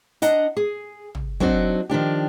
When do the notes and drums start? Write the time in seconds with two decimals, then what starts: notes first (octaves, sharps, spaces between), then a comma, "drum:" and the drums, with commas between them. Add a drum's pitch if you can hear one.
0.22 D4 D#5 F#5 A#5, drum: hi-hat
0.57 G#4
1.15 drum: tom
1.40 F#3 C4 D4 D#4 F#4, drum: kick
1.90 D#3 F3 D4 G4